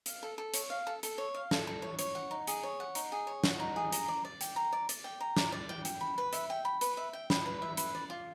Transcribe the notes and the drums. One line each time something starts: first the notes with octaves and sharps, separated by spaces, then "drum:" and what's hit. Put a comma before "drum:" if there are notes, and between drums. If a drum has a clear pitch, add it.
F5, drum: hi-hat
A4
A4
C#5, drum: hi-hat
F5
A4
A4, drum: hi-hat
C#5
F5
A4, drum: snare
A4
C#5
C#5, drum: hi-hat
F#5
D#4
G#4, drum: hi-hat
C#5
F#5
D#4, drum: hi-hat
G#4
C#5
F#5, drum: snare
D#4
G#4
A#5, drum: hi-hat
D5
D5
G5, drum: hi-hat
A#5
D5
D5, drum: hi-hat
G5
A#5
D5, drum: snare
D5
G5
G5, drum: hi-hat
B5
B4
E5, drum: hi-hat
G5
B5
B4, drum: hi-hat
E5
G5
B5, drum: snare
B4
E5
B4, drum: hi-hat
D5
F4